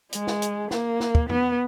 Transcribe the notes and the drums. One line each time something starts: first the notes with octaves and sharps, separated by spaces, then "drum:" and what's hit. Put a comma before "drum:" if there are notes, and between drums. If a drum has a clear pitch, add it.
G#3, drum: hi-hat
drum: snare
drum: hi-hat
A#3, drum: snare
drum: snare
drum: kick
B3, drum: tom